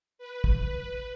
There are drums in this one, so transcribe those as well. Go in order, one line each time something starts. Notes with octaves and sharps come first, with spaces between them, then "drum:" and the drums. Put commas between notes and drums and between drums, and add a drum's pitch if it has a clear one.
B4
drum: kick